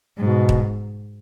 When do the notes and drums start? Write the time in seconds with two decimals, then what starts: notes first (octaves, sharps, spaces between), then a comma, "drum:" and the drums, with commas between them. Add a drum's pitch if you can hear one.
0.18 G#2 B2
0.49 drum: kick